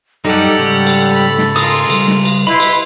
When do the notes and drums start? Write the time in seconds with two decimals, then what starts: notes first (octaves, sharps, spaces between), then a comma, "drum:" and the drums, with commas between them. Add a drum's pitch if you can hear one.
0.25 F#2 G3 D#4 G4 A4 F#5
0.59 G#2 C#3 G3
0.87 drum: cymbal
1.12 B5
1.38 drum: snare
1.56 G#3 F4 A#4 D#6, drum: cymbal
1.90 C#3 G3, drum: cymbal
2.08 drum: snare
2.25 drum: cymbal
2.47 E4 F4 B4 D#5 B5 C6
2.60 drum: cymbal